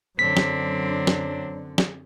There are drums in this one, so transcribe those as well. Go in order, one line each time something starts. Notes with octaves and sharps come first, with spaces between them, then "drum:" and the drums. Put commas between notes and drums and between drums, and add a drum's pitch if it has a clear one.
F#2 D3 F#3 C4 D4 B6
drum: snare
drum: snare
drum: snare